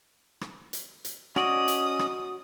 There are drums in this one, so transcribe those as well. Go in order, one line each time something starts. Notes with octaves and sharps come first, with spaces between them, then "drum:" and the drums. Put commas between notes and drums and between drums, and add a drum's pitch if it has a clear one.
drum: rim click
drum: hi-hat
drum: hi-hat
C#4 F#4 D5 D#5 D#6, drum: rim click
drum: hi-hat
drum: rim click